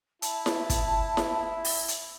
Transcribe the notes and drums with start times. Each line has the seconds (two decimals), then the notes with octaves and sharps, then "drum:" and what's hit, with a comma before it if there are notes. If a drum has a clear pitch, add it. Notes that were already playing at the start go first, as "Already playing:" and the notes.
0.22 E4 A5, drum: hi-hat
0.46 drum: snare E4
0.70 drum: kick, hi-hat
1.17 drum: snare E4
1.65 drum: open hi-hat
1.88 drum: hi-hat